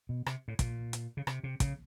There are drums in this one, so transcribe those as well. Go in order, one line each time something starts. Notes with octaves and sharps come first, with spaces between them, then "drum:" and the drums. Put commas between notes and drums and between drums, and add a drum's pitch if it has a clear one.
B2
C3, drum: rim click
A2
A#2, drum: kick, hi-hat
drum: hi-hat
C#3
C3, drum: rim click
C3
C#3, drum: kick, hi-hat